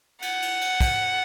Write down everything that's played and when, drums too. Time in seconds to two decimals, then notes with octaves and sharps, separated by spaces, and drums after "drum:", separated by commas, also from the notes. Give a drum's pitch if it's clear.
0.22 F#5, drum: cymbal
0.42 drum: cymbal
0.61 drum: cymbal
0.80 drum: kick, cymbal